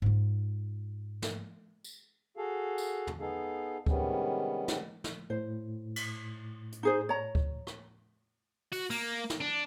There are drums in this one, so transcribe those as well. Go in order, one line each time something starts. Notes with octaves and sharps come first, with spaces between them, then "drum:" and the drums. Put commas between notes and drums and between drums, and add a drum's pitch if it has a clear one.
G#2 F4
drum: snare
drum: tambourine
F#4 G#4 A4 F5
drum: tambourine
drum: tom
B3 D#4 G#4 A4 F5
C3 D#3 G3 G#3 B3 C#4, drum: kick D2
drum: snare
drum: snare
A2 C5
drum: cymbal
drum: hi-hat
D#4 G#4 C5
C#5 A#5
drum: kick D2
drum: rim click
F#4, drum: open hi-hat
A#3, drum: open hi-hat
drum: snare
D4